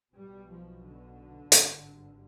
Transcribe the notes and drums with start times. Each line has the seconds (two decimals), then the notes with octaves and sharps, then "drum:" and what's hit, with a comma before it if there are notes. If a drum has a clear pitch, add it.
0.14 B1 B2 G3
0.49 F3
0.83 D3
1.52 G#1 G2, drum: hi-hat